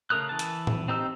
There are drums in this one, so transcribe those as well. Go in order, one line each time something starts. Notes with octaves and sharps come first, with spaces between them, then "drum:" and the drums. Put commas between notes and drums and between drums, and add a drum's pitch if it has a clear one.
C#3 A3 A#4 D#6 F#6
E3 A5
drum: hi-hat
drum: tom
C4 D#4 G4 E6